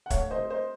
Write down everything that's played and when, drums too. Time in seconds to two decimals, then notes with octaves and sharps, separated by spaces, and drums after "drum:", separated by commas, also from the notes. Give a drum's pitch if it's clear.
0.06 F#5
0.10 A3 C#5 F5, drum: kick, hi-hat
0.31 C5 D#5
0.38 C3
0.50 C5 D#5